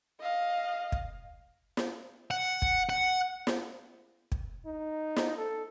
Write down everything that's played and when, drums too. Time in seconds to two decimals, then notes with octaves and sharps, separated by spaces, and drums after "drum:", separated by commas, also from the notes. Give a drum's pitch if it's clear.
0.20 D#5 F5
0.92 drum: kick
1.77 drum: snare
2.31 F#5
2.62 drum: kick
2.89 F#5
3.47 drum: snare
4.32 drum: kick
4.66 D#4
5.16 drum: snare
5.38 A4